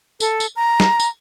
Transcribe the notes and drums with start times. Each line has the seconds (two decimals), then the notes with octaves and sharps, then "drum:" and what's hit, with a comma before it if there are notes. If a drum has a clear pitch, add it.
0.20 A4, drum: tambourine
0.40 drum: tambourine
0.56 A#5
0.80 drum: snare
1.00 drum: tambourine